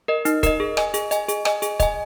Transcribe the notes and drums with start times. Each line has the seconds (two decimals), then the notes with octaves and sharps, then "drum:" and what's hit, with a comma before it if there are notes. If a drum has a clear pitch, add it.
0.08 A#4 D#5
0.25 D#4, drum: hi-hat
0.43 A#4 D#5, drum: kick, hi-hat
0.60 G#4
0.77 D#5 G#5, drum: rim click
0.94 G#4, drum: hi-hat
1.11 D#5 G#5, drum: hi-hat
1.29 G#4, drum: hi-hat
1.45 D#5 G#5, drum: rim click
1.62 G#4, drum: hi-hat
1.80 D#5 G#5, drum: kick, hi-hat